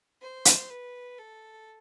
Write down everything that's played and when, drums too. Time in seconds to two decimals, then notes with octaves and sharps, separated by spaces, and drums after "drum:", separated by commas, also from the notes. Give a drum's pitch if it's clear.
0.22 C5
0.45 drum: hi-hat
0.70 B4
1.18 A4